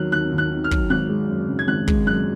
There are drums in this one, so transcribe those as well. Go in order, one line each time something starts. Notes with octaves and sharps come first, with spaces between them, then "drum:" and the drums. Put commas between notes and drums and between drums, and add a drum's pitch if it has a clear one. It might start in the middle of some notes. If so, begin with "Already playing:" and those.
Already playing: D#2 D#3 F#3 F6 F#6
D#2 F#6
D#2
F#6
D#3
F6
F#3, drum: kick
G#1 F#6
G#3
F#2
C#3
G#6
G#1 F#6
G#3, drum: kick
F#2 F#6